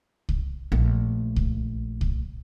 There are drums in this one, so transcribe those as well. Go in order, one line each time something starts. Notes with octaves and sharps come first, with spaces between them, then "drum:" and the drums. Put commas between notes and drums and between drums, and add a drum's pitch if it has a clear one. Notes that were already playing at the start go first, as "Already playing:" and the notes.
drum: kick C2
A#1 A3
drum: kick C2
drum: kick C2